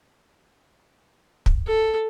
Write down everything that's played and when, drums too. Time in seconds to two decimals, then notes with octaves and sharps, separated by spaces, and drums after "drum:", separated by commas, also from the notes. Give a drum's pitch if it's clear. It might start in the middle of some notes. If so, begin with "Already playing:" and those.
1.46 drum: kick
1.67 A4